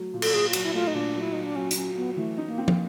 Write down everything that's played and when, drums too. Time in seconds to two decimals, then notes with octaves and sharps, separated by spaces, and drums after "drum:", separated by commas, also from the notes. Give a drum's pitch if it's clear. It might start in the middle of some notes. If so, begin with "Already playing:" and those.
Already playing: F#3 A3
0.14 A#2
0.22 A4, drum: cymbal
0.33 A#2 G#4
0.49 F4
0.53 F#3 F#4, drum: cymbal
0.64 E4
0.74 A3 F4
0.87 D#4
0.94 A#2 D4
1.14 F#3
1.21 E4
1.33 F#3 D#4
1.43 D4
1.56 F#3 C#4
1.71 D4, drum: hi-hat
1.76 F#3 C#4
1.96 F#3 B3
2.17 E3 A3
2.37 D#4
2.47 A#3
2.58 C4
2.68 drum: tom